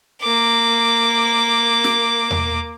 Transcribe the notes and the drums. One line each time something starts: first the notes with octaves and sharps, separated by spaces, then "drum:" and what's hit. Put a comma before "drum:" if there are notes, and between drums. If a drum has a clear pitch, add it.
A#3 D6
drum: snare
drum: tom E2